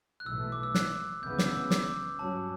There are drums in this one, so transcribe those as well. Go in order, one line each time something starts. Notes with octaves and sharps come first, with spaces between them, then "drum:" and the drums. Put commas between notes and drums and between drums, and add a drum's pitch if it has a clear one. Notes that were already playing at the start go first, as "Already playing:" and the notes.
F#6
B1 A2 E3 A3 E6
D6
E6
F#6, drum: snare
D2 C#3 E3 B3 G6
D6, drum: snare
E6
D6, drum: snare
G2 F#3 C#4 A5